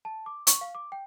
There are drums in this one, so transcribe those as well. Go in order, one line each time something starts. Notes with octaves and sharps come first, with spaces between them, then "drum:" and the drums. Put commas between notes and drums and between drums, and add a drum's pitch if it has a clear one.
A5
D6
C#6, drum: hi-hat
F5
D6
G5